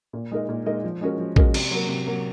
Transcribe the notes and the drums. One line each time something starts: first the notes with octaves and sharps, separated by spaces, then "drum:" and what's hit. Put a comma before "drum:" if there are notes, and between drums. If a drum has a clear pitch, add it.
A#2
G#3 D#4 A#4 D#5
A#2
G#3 D#4 A#4 D#5
F3
G#3 C#4 F#4 A#4
F3
G#3 C#4 F#4 A#4, drum: kick
C3, drum: cymbal
F#3 A#3
C3
F#3 A#3